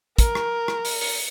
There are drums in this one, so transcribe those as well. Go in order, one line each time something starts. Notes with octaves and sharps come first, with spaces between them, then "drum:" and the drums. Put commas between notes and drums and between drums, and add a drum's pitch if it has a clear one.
A#4, drum: kick, hi-hat
drum: rim click
drum: rim click
drum: open hi-hat
drum: open hi-hat